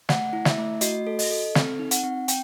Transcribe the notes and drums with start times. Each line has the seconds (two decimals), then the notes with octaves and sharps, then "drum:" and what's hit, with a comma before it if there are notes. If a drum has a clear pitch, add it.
0.09 A3 F#5, drum: snare
0.33 E4
0.45 E5, drum: snare
0.58 A3
0.81 F#4 D#5, drum: hi-hat
1.07 A4
1.19 D#5, drum: open hi-hat
1.31 A4
1.55 C4, drum: snare
1.79 D#4
1.91 F#5, drum: hi-hat
2.04 C4
2.28 G5, drum: hi-hat